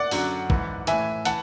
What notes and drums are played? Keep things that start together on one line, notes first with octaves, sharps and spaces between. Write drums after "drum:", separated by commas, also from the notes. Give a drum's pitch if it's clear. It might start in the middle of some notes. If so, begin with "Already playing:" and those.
Already playing: D5 F#5
F#2 D3 F#3, drum: open hi-hat
G#2 E3, drum: kick
A2 E3 E5 G#5, drum: hi-hat
E3 F#5 A5, drum: hi-hat